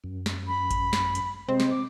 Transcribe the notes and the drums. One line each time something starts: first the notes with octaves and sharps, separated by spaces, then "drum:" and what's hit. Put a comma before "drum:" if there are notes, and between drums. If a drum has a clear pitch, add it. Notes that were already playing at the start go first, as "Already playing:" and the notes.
F#2
drum: snare
B5
drum: kick G#1, hi-hat
drum: snare
drum: hi-hat
C3 G#3 C4 C5
drum: snare
D6